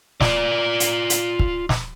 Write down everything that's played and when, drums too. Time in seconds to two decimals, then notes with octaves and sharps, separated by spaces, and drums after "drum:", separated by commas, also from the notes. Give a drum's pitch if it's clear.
0.21 F4 D5, drum: snare
0.80 drum: hi-hat
1.10 drum: hi-hat
1.40 drum: kick
1.69 drum: snare